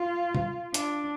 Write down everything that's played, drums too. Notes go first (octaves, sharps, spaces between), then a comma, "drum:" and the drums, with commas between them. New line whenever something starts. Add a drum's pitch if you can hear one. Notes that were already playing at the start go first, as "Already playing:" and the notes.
Already playing: F4
drum: tom B2
D4, drum: hi-hat